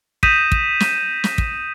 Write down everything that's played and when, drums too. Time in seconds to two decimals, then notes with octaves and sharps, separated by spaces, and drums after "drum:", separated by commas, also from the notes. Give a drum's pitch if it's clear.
0.23 D#6 G6 A#6 B6 D#7 E7, drum: kick
0.52 drum: kick
0.80 drum: snare
1.24 drum: snare
1.38 drum: kick